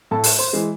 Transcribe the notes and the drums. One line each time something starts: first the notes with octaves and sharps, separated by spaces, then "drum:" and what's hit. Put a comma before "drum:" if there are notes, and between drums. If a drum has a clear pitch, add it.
A2 A4 A5
drum: open hi-hat
C5 C6
E3 G#3